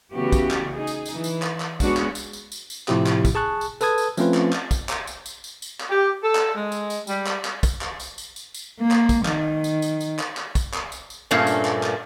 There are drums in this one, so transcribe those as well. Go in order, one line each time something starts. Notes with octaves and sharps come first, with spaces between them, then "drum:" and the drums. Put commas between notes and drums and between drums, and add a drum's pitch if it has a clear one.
C#3 E3 A3 B3 F#4 G4
drum: kick, tambourine
drum: clap
D#4 G#4
drum: tambourine
drum: tambourine
E3
drum: tambourine
drum: clap
drum: clap
G#3 B3 C#4 D4 F#4 G#4, drum: kick, tambourine
drum: clap
drum: tambourine
drum: tambourine
drum: tambourine
drum: tambourine
A2 C3 F3 E4 G4, drum: clap
drum: clap
drum: kick, tambourine
G#4 A5 C#6 F#6
drum: tambourine
A4 B4 A5 D#6 G#6, drum: tambourine
drum: tambourine
F3 A3 C4 C#4 F4 B4, drum: tambourine
drum: clap
drum: clap
drum: kick, tambourine
drum: clap
drum: tambourine
drum: tambourine
drum: tambourine
drum: tambourine
drum: clap
G4
A4
drum: clap
G#3
drum: tambourine
drum: tambourine
G3, drum: tambourine
drum: clap
drum: clap
drum: kick, tambourine
drum: clap
drum: tambourine
drum: tambourine
drum: tambourine
drum: tambourine
A#3
drum: clap
drum: kick, tambourine
D#3, drum: clap
drum: tambourine
drum: tambourine
drum: tambourine
drum: clap
drum: clap
drum: kick, tambourine
drum: clap
drum: tambourine
drum: tambourine
G2 A#2 A3 A#3 C#4
drum: tambourine
drum: clap
drum: clap